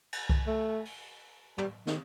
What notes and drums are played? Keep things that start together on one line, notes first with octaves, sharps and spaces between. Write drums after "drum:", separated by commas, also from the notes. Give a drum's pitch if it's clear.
drum: cymbal
drum: kick C2
A3
drum: open hi-hat
G3, drum: tom
D#3, drum: snare